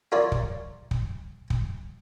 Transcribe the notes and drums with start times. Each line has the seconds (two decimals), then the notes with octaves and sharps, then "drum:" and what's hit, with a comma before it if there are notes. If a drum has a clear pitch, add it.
0.12 F4 A#4 C#5 D5
0.32 drum: kick
0.91 drum: kick
1.50 drum: kick